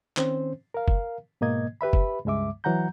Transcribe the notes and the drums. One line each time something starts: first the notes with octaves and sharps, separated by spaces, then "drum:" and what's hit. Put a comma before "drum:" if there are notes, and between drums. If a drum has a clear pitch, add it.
D#3 C4 C#4 C5, drum: clap
A#4 F5
drum: kick F#1
G#2 B2 A#3 D#5 G#6
G4 B4 E5 B5
drum: kick F#1
C#2 G2 G#3 E5 D6
E3 F#3 F#5 A#5 G6